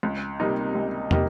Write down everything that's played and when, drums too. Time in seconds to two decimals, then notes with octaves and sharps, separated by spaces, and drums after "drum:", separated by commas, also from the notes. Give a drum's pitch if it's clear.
0.03 C#2
0.40 C3 G3 A#3 D#4
0.75 C#2
1.11 C3 G3 A#3 D#4, drum: tom